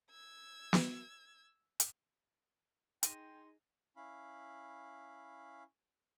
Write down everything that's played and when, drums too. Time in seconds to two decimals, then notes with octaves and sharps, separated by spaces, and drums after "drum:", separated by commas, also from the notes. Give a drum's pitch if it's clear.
0.11 E6 G#6
0.73 drum: snare
1.80 drum: hi-hat
3.03 D#4 G#4 G5 C6 A#6 D#7, drum: hi-hat
3.97 C#4 E4 F5 B5